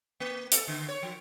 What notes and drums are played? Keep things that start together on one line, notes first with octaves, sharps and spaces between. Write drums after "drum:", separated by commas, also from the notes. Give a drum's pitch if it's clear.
A#3
A4, drum: hi-hat
D3
C#5
F3